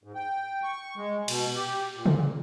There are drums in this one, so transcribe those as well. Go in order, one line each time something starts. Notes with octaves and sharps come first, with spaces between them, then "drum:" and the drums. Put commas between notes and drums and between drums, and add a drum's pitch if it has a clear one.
G#2
G5
C#6
G#3
B2, drum: cymbal
G4
A#2
drum: tom C#3